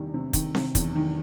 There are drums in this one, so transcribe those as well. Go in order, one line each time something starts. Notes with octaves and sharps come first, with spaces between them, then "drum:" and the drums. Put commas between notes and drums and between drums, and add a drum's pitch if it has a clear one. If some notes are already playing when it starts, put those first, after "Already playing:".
Already playing: E2 C3 D#3 G3
C3
D#3, drum: kick, hi-hat
C3, drum: snare C4
E2, drum: kick, hi-hat
D#3